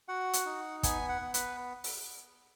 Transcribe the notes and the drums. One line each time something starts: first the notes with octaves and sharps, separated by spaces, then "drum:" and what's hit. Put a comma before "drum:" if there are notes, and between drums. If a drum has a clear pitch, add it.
F#4 F#5
drum: hi-hat
D#4
B3 G#5, drum: kick, hi-hat
F#5
B3
B4, drum: hi-hat
drum: open hi-hat